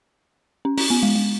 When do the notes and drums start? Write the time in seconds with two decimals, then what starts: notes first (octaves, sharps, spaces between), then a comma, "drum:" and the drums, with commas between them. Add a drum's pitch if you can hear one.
0.65 C#4
0.78 C#4, drum: open hi-hat
0.90 B3
1.03 G#3
1.15 G#3